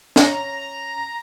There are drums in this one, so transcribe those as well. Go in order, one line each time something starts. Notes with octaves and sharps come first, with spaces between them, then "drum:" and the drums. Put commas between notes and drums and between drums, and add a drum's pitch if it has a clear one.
C#4 A#5, drum: snare